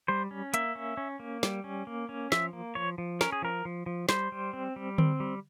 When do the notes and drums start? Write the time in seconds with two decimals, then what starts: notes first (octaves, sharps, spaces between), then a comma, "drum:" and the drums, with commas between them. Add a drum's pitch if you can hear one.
0.08 G3 C5
0.31 C#4
0.54 A#3 E5, drum: hi-hat
0.75 C#4
0.97 C#4
1.20 A#3
1.43 G3, drum: snare
1.64 C#4
1.87 A#3
2.09 C#4
2.32 F3 E5, drum: snare
2.53 A#3
2.75 F3 C#5
2.98 F3
3.21 C#4 A#4, drum: snare
3.32 G#4
3.42 F3 A#4
3.65 F3
3.86 F3
4.09 G3 C5, drum: snare
4.32 G3
4.53 C4
4.76 G3
4.98 C4, drum: tom D3
5.20 G3